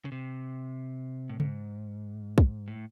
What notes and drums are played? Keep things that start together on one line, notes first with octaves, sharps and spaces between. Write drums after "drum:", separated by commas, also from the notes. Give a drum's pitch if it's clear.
C#3
C3
A2
G#2, drum: tom C#3
drum: kick
A2